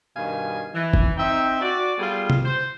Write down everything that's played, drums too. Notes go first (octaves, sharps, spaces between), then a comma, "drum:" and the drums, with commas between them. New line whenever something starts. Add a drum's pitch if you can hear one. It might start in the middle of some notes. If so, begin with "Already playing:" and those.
G2 B2 D#3 F5 G#5
E3
drum: kick
C4 D#4 E5 G5
F#4 D5
G3 B3 F4 G#4 A4
drum: tom C3
C5